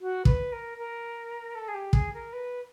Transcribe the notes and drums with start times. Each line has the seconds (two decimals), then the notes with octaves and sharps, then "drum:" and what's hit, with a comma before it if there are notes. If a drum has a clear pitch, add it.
0.01 F#4
0.25 B4, drum: kick
0.52 A#4
0.78 A#4
1.55 A4
1.68 G#4
1.74 G4
1.93 G#4, drum: kick
2.13 A#4
2.33 B4